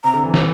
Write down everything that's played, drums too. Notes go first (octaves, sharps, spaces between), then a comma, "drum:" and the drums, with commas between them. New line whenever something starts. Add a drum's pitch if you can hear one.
C3 A#5
D3
E3
E3, drum: snare